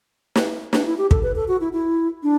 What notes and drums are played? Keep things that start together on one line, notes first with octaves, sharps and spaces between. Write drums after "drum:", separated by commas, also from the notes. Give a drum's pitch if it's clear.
drum: snare
D4, drum: snare
E4
G4
A4, drum: kick
B4
A4
F#4
E4
E4
D4